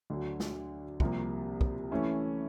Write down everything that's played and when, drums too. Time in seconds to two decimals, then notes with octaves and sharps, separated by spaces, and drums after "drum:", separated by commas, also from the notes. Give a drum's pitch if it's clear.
0.10 D2 D3 F#3
0.40 drum: snare A3
1.00 C2 C3 F3 A#3, drum: kick
1.61 drum: kick
1.91 E3 A3 C#4 E4